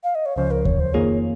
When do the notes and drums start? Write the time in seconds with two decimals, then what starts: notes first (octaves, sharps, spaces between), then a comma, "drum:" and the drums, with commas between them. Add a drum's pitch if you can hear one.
0.04 F5
0.15 D#5
0.26 C#5
0.36 C#2 C#3 F3 C5
0.51 A#4
0.65 C#5, drum: kick D#2
0.80 C5
0.94 F2 D#3 A#3 F4 G#4 C#5